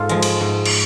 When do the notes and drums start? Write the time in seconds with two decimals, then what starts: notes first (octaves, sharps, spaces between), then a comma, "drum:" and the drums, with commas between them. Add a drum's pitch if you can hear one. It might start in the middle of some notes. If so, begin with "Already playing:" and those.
Already playing: G#2 F4 A4
0.09 F3 G#3, drum: hi-hat
0.22 drum: cymbal
0.41 G#2
0.66 drum: cymbal